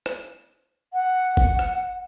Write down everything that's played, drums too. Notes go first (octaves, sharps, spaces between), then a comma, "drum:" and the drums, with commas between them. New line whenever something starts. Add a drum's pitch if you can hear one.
drum: rim click
F#5
drum: kick F#1
drum: rim click